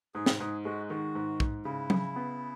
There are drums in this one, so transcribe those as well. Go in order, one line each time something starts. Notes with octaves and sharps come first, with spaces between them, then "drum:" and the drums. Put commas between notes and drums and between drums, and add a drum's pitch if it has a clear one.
G#2 G#4
drum: snare
G#2 G#4
G#3 F#4
D#3 F#4
G#2
G#2, drum: kick
C#3 E4
C#3, drum: tom
B3